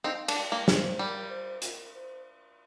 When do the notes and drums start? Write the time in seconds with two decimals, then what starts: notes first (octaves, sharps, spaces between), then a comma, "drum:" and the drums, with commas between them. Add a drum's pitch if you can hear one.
0.04 C4 D#4 F5
0.28 D4, drum: cymbal
0.36 G5
0.52 A#3
0.68 C5, drum: snare
0.99 G3 A#4
1.30 C5
1.62 A#4, drum: hi-hat
1.93 C5